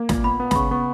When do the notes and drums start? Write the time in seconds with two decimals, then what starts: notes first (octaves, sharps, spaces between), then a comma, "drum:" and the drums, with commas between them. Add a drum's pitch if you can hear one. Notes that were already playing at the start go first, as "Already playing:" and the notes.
Already playing: A#3
0.09 A#2, drum: snare
0.24 B3 B5
0.40 B3
0.51 B5, drum: snare
0.55 C#3 C#6
0.71 B3 C#6